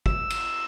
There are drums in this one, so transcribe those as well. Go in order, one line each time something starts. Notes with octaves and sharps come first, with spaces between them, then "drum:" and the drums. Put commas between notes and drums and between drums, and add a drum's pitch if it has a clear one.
E6, drum: kick
drum: cymbal